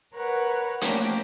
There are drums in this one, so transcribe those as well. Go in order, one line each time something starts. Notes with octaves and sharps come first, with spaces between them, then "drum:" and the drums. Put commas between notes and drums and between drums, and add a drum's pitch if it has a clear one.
A#4 B4 C#5 F#5
F3 A3 A#3 C#4 D4 G4, drum: hi-hat